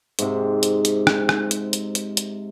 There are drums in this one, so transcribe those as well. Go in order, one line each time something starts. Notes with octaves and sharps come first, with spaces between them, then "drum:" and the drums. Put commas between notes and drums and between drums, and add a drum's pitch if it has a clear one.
G#2 C3, drum: hi-hat
drum: hi-hat
drum: hi-hat
drum: rim click
drum: rim click
drum: hi-hat
drum: hi-hat
drum: hi-hat
drum: hi-hat